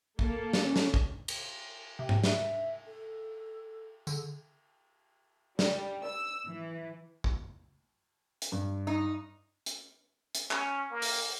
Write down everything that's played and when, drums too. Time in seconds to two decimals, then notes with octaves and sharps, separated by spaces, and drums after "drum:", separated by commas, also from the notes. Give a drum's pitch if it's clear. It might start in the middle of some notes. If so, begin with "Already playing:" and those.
0.19 A#3 A4, drum: kick
0.53 drum: snare
0.64 C#4
0.76 drum: snare
0.94 drum: kick
1.28 drum: cymbal
1.99 C3 G5
2.09 drum: tom G#2
2.24 E5, drum: snare
2.87 A4
4.07 D3 G#4, drum: tambourine
5.59 G3, drum: snare
6.04 E6
6.47 E3
7.24 drum: kick
8.42 drum: hi-hat
8.52 G2
8.87 D#4
9.66 drum: hi-hat
10.35 drum: hi-hat
10.51 C#4, drum: clap
10.91 A#3
11.02 drum: open hi-hat